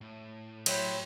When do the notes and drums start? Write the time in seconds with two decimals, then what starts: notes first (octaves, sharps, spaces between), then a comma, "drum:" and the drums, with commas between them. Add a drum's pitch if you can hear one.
0.01 A2
0.66 F#3 E4 G4 C5, drum: cymbal